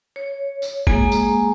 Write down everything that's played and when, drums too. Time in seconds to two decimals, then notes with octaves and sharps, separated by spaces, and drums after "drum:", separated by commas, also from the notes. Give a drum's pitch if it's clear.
0.16 C#5
0.62 drum: tambourine
0.87 G#3 A#3 G#4 G#5 A#5, drum: kick
1.12 drum: tambourine